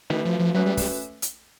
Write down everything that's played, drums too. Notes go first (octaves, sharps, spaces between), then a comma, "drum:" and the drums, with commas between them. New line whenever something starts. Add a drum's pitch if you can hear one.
D#3 A3 C#4 F#4 B4 E5
F3
F3
F#3 A3 C#4 F#4 B4 E5
G3
G3, drum: kick, open hi-hat
drum: hi-hat